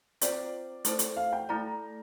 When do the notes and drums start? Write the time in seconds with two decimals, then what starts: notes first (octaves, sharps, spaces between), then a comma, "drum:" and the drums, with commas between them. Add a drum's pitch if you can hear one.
0.21 C4 F4 C5 D5 G5, drum: hi-hat
0.85 A3 E4 A4 C5, drum: hi-hat
0.99 drum: hi-hat
1.16 F5
1.32 G5
1.49 A3 E4 A4 D5 A#5